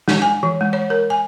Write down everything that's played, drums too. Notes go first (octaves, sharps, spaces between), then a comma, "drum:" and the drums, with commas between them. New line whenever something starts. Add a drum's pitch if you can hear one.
G#3, drum: snare D4
G#5
E3
G#3
C#5
A#4
G#5